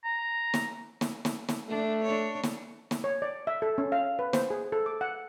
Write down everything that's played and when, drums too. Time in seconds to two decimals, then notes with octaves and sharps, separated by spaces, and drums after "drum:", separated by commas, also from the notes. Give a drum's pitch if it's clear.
0.04 A#5
0.54 drum: snare
1.01 drum: snare
1.25 drum: snare
1.49 drum: snare
1.69 A3 D4
2.03 D4 C#5
2.43 drum: snare
2.91 drum: snare
3.04 C#5
3.22 D5
3.47 E5
3.62 A4
3.78 C#4
3.92 F5
4.19 B4
4.33 C5, drum: snare
4.50 G#4
4.72 A4
4.86 D6
5.01 F#5